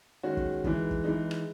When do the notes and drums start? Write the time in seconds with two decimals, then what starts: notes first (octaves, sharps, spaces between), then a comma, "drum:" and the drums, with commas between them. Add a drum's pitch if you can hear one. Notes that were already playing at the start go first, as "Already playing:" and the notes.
0.23 D#3 G#3 C#4 F#4
0.37 drum: kick
0.64 E3 G#3 D#4, drum: kick
0.91 drum: kick
1.04 E3 G#3 D#4
1.31 drum: rim click